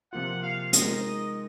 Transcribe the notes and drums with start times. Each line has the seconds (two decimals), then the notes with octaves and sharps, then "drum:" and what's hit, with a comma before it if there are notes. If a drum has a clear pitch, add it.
0.13 C3 F3 A#3 F4 F#5
0.43 F5
0.73 G#3 D#4 A#4 D#5, drum: hi-hat